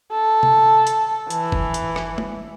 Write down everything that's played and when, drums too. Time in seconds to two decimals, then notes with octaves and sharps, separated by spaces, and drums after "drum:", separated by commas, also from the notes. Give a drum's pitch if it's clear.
0.12 A4
0.43 drum: tom C3
0.87 drum: hi-hat
1.30 E3, drum: hi-hat
1.52 drum: kick
1.74 drum: hi-hat
1.96 drum: rim click
2.18 drum: tom G#3